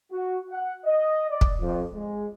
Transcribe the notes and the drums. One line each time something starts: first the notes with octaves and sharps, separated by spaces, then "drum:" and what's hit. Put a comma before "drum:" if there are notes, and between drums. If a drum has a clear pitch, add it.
F#4
F#5
D#5
D5
drum: kick
F2
G#3